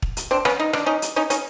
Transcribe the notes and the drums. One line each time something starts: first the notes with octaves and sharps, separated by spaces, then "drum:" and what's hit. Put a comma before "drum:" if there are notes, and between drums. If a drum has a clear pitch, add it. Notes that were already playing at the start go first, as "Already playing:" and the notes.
drum: kick
drum: hi-hat
C4 D4
B3 C#4, drum: rim click
D#4
D4, drum: rim click
C#4 D#4
drum: hi-hat
C#4 D#4
C#4 D#4, drum: hi-hat